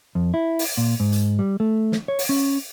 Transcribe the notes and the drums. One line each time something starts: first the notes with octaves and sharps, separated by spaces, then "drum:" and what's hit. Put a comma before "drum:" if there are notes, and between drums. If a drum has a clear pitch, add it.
F2
E4
drum: open hi-hat
A#2
G#2
drum: hi-hat
G3
A3
drum: snare
C#5
drum: open hi-hat
C#4